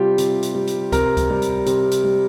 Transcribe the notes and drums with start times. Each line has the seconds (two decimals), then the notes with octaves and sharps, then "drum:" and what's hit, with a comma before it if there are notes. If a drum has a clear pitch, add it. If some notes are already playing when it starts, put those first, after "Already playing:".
Already playing: C3 G3 F4 G4
0.18 C3, drum: hi-hat
0.42 drum: hi-hat
0.55 G3
0.67 drum: hi-hat
0.92 C3 A#4, drum: kick C#2, hi-hat
1.17 drum: kick C#2, hi-hat
1.30 G3
1.42 drum: hi-hat
1.66 C3, drum: hi-hat
1.91 drum: hi-hat
2.04 G3